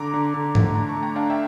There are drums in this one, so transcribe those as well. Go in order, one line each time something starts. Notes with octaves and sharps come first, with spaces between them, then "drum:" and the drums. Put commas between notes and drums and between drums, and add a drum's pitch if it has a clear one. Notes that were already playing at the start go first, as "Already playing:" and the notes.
Already playing: D3 A#5 D6
D3
D3
A3, drum: tom G#2
D4 A#5 D6
A5 C#6
A3
G5 A#5
D4 F5 A5
E5 G5